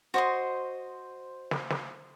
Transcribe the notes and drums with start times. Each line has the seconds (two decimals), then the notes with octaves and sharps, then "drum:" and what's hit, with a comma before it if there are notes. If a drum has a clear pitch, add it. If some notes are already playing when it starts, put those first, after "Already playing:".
0.14 F#4 C5 D#5 C6
1.51 drum: snare
1.70 drum: snare